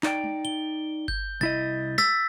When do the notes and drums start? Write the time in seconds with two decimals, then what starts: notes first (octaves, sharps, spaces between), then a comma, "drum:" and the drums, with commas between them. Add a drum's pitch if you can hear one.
0.03 D#4 D5 G5, drum: clap
0.24 drum: tom
0.45 G7
1.08 G6, drum: kick G1
1.41 C2 E4 D#5 A6
1.98 E6 A6 B6, drum: snare